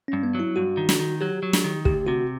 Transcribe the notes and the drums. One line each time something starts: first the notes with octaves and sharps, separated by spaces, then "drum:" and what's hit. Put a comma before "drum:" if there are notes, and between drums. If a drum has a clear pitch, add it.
G2 C#4
B3
F#3
E4
G2 F#4
D#3
drum: snare
D#3
F#3 G4
F#3
drum: snare
D#3
D2 G4, drum: kick
C3 F#4